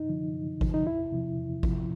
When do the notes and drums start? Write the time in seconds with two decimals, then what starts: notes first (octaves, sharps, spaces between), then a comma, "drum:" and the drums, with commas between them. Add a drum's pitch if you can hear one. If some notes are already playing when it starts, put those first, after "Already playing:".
Already playing: F#2 D#4
0.09 D3 F3
0.35 F#2
0.61 D3 F3, drum: kick G#1
0.74 D#4
0.87 E2 E4
1.12 C3 F3
1.38 E2
1.63 C3 F3, drum: kick G#1